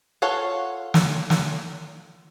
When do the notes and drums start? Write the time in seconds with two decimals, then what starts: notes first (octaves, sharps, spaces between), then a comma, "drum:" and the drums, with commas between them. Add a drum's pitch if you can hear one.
0.22 F4 A4 C#5 F5 F#5
0.94 drum: snare
1.30 drum: snare